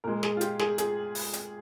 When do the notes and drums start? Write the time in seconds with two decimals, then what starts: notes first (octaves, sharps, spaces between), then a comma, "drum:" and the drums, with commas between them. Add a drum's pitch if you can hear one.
0.04 A#2 G#3 A#4
0.23 G#4, drum: snare
0.37 F4
0.41 G4, drum: hi-hat
0.59 G#4, drum: snare
0.78 G#4, drum: hi-hat
1.15 drum: open hi-hat
1.33 drum: hi-hat